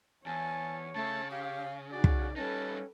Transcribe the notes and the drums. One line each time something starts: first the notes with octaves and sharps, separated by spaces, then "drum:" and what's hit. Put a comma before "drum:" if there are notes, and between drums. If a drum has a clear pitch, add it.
E2 C#5 G#5 A5
C#3 A3 A5
G4 F5
D#4 F#4 G#4 D5
drum: kick
G3 C#4 D#4 A4 B4 A5